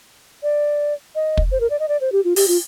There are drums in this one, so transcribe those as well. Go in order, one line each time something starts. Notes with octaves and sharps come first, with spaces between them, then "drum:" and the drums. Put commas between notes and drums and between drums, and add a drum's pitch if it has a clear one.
D5
D#5
drum: kick
C5
A#4
D5
D#5
D5
C5
G4
F4
G4, drum: open hi-hat
F4